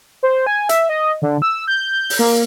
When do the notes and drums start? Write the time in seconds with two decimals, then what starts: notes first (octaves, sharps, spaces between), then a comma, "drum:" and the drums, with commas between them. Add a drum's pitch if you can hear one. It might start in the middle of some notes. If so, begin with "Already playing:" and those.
0.23 C5
0.46 G#5
0.69 E5, drum: hi-hat
0.89 D#5
1.22 D3
1.42 E6
1.68 G6
2.10 drum: open hi-hat
2.19 A#3